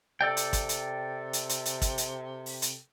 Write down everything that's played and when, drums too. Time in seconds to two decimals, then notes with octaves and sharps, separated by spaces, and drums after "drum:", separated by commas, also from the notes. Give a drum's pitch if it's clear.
0.21 C3 A4 D5 G5
0.37 drum: hi-hat
0.53 drum: kick, hi-hat
0.69 drum: hi-hat
1.33 drum: hi-hat
1.49 drum: hi-hat
1.65 drum: hi-hat
1.82 drum: kick, hi-hat
1.98 drum: hi-hat
2.46 drum: open hi-hat
2.62 drum: hi-hat